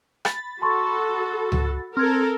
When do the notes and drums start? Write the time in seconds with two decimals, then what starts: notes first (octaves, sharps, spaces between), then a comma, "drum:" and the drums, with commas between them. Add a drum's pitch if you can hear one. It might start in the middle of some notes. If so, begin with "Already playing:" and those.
0.25 B5 A6, drum: rim click
0.62 F#4 A4 A5 C6 C#6
1.52 drum: tom C#2
1.97 C4 A4 A#4 F6 G#6